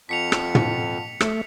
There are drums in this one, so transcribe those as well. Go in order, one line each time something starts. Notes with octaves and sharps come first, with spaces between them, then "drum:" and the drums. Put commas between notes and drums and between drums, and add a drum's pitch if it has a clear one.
F2 F4 F#5 A5 B6 C#7 F7
drum: rim click
drum: tom
A3, drum: rim click